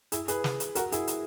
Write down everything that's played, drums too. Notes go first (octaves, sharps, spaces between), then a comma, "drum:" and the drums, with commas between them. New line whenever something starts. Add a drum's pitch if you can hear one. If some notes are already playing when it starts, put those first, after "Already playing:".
E4 G#4, drum: hi-hat
G#4 B4, drum: hi-hat
drum: snare
drum: hi-hat
F#4 A#4, drum: hi-hat
E4 G#4, drum: hi-hat
drum: hi-hat